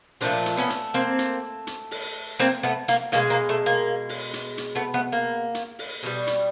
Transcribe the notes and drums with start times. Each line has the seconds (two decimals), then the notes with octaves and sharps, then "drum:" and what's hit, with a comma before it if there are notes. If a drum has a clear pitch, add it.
0.21 A#2 F3 A3 C4 D4, drum: open hi-hat
0.46 drum: hi-hat
0.57 B3 C#4
0.70 drum: hi-hat
0.94 A#3 C4
1.18 drum: hi-hat
1.67 drum: hi-hat
1.91 drum: open hi-hat
2.40 A#3 C4, drum: hi-hat
2.63 A3 B3
2.88 A#3, drum: hi-hat
3.12 B2 G#3 A#3, drum: hi-hat
3.30 A#3
3.49 A3
3.66 A#3
4.09 drum: open hi-hat
4.33 drum: hi-hat
4.58 drum: hi-hat
4.75 A3 B3
4.94 A3 B3
5.12 A#3
5.54 drum: hi-hat
5.79 drum: open hi-hat
6.03 B2 G3
6.27 drum: hi-hat